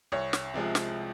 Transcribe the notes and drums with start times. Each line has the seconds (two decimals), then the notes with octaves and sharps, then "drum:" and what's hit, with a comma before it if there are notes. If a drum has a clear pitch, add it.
0.12 C2 C#5
0.33 drum: snare
0.54 C3 F3 G#3
0.75 drum: snare